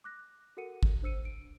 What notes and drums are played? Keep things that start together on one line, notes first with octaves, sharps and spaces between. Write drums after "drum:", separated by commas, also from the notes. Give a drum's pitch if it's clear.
D6 F#6 A#6
F#4 A4 A#4 F#5 C#7 D#7
drum: kick
D4 C5 E6 C#7 D#7
D7